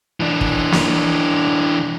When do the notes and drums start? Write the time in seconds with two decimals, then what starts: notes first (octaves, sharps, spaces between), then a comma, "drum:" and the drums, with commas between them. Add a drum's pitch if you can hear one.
0.20 E3 D4
0.41 drum: kick
0.72 drum: snare